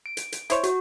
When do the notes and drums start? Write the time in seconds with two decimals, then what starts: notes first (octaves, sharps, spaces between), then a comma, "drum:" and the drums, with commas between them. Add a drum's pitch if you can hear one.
0.06 D7
0.17 drum: hi-hat
0.32 drum: hi-hat
0.50 E4 C5 C#5, drum: hi-hat
0.63 F#4, drum: hi-hat